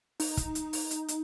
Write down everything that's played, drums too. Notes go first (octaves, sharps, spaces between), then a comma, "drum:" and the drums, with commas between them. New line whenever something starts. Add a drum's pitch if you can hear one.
D#4, drum: open hi-hat
drum: kick, hi-hat
drum: hi-hat
drum: open hi-hat
drum: hi-hat
drum: hi-hat